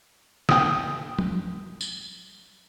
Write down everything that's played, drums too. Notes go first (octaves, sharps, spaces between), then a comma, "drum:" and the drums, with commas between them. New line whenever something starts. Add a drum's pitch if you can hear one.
G5 D#6, drum: snare
drum: tom F3
drum: tambourine